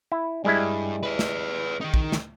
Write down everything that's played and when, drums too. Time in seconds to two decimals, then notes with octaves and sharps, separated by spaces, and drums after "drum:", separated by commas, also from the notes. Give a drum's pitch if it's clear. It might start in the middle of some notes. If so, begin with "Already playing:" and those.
0.12 E4
0.45 G2 G3 G#3 E4
1.03 G#4 B4
1.19 drum: snare
1.81 D#3 D#4
1.94 drum: kick
2.12 drum: snare